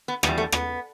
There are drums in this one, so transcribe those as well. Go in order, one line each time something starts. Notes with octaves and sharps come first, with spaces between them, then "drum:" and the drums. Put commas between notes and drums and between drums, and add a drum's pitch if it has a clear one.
B3
E2 B2 G3 B3, drum: rim click
A3
B3, drum: rim click